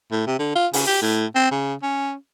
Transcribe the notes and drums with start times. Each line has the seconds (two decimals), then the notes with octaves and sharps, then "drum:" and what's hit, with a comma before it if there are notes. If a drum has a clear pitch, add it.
0.11 A2
0.27 C3
0.39 D3
0.55 F4
0.73 C#3, drum: open hi-hat
0.87 G4
1.02 A2
1.35 C4
1.51 C#3
1.82 C#4